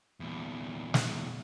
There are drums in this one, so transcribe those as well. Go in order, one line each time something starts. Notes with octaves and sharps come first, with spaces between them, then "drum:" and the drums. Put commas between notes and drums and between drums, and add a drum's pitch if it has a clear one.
E2 A#2
drum: snare